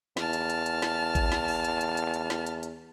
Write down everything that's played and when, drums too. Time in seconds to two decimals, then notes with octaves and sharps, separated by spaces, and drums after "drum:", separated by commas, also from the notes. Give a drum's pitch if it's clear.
0.17 E2 A5 F6, drum: snare
0.33 drum: hi-hat
0.50 drum: hi-hat
0.66 drum: hi-hat
0.82 drum: snare
1.15 drum: kick G#1, hi-hat
1.32 drum: snare
1.48 drum: open hi-hat
1.64 drum: hi-hat
1.81 drum: hi-hat
1.97 drum: hi-hat
2.14 drum: hi-hat
2.30 drum: snare
2.46 drum: hi-hat
2.63 drum: hi-hat